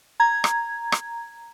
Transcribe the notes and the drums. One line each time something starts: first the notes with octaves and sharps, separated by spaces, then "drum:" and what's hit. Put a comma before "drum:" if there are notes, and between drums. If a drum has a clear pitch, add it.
A#5 G#6
drum: rim click
drum: rim click